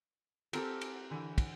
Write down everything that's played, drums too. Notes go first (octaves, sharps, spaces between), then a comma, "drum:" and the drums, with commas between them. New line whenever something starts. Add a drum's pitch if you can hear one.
C4 G4 A4 A#4, drum: cymbal
drum: cymbal
D3 E3
drum: kick, cymbal